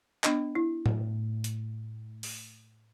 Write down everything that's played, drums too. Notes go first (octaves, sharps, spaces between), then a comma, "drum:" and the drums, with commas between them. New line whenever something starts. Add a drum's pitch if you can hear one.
B3 D4 D#5, drum: clap
E4
A2, drum: tom A2
drum: hi-hat
drum: open hi-hat